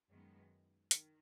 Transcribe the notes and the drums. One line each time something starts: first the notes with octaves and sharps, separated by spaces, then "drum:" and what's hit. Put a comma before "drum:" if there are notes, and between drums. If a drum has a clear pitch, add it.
F#2 D#3 G#3 B3
D#3, drum: hi-hat